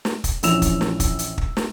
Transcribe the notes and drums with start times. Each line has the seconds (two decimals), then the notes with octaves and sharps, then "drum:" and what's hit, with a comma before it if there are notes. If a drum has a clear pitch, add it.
0.05 drum: snare
0.24 drum: kick, hi-hat
0.43 A#1 E3 C#4 E6 E7 F7, drum: hi-hat
0.62 drum: kick, hi-hat
0.81 drum: snare
1.00 drum: kick, hi-hat
1.19 drum: hi-hat
1.38 drum: kick
1.57 drum: snare